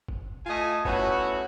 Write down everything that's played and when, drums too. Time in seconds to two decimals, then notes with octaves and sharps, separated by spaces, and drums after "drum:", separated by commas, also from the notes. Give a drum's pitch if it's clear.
0.08 drum: kick
0.46 A3 F4 D#5 G#5
0.85 A3 B3 C#4 E4 F#4, drum: kick